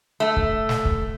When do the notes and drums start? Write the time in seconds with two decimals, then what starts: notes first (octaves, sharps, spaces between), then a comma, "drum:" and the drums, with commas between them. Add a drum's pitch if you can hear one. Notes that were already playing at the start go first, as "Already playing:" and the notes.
0.20 A3
0.36 drum: kick
0.69 drum: snare
0.85 drum: kick